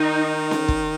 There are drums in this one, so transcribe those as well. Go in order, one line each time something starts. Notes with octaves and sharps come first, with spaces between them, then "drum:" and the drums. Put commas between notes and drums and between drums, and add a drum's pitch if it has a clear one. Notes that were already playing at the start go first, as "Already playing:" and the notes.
Already playing: D#3 D#4
drum: snare C#4
drum: kick